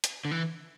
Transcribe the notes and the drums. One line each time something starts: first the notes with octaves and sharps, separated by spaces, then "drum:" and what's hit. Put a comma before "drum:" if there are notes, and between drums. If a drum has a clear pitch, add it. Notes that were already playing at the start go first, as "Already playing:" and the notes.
drum: hi-hat
D3
E3